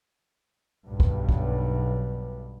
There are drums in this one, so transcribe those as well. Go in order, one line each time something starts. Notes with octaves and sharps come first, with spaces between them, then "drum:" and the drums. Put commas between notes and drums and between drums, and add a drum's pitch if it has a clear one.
B1 G2
drum: kick
drum: kick